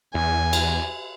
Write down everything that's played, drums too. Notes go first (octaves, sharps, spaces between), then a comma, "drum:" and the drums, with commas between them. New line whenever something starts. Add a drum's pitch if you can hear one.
E2 G#5
drum: cymbal